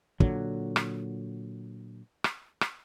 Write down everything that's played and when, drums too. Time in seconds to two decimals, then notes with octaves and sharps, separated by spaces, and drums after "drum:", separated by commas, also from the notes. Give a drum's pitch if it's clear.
0.20 A#2 D3 F#3, drum: kick
0.76 drum: rim click
2.24 drum: rim click
2.61 drum: rim click